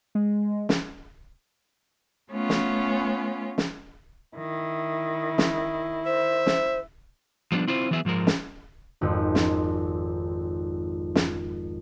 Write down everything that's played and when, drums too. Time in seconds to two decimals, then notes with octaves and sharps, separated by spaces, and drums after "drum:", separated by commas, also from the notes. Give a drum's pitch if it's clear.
0.15 G#3
0.69 drum: snare
2.30 A3 B3 C#4 F4
2.49 drum: snare
3.58 drum: snare
4.37 D#3 E4
5.38 drum: snare
6.06 C5 E5
6.46 drum: snare
7.52 F3 G3 B3 D4
7.68 C4 E4 F4 C5
7.91 E3 F#3 B3 G#4 E5
8.05 G#2 F3 G#3 A#4
8.27 drum: snare
9.01 G#1 F2 F3
9.35 drum: snare
11.15 drum: snare